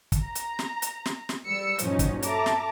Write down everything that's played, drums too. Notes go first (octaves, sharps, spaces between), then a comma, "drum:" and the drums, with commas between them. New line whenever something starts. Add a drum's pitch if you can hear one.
drum: kick, hi-hat
A#5
drum: hi-hat
drum: snare
drum: hi-hat
drum: snare
drum: snare
G3 E6 C#7
G2 A#2 F3 F#3 C#4 D#4, drum: hi-hat
drum: kick, hi-hat
A4 E5 A5 A#5 D6, drum: hi-hat
drum: snare